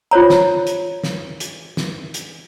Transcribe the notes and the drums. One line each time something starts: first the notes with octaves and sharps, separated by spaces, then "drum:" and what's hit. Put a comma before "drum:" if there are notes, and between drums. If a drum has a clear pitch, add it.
F4 C5 C#5 A#5
drum: snare
drum: hi-hat
drum: snare
drum: hi-hat
drum: snare
drum: hi-hat